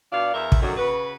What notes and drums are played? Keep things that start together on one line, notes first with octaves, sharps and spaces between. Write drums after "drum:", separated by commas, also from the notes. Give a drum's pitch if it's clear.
B2 D4 D5 F5
E2 A#4 E5
drum: kick
F#2 D3 D#3 F#3
C#3 F#4 B4